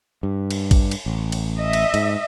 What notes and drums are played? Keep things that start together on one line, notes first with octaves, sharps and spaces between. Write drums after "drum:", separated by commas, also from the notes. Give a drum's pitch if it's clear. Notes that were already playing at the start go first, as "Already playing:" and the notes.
G2
drum: cymbal
drum: kick, cymbal
drum: cymbal
A1
drum: cymbal
D#5 E5
drum: cymbal
G#2, drum: cymbal